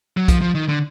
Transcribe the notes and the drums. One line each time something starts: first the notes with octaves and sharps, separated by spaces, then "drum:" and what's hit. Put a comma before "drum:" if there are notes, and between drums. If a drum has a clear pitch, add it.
F#3
F3, drum: kick, hi-hat
F3
D#3
D3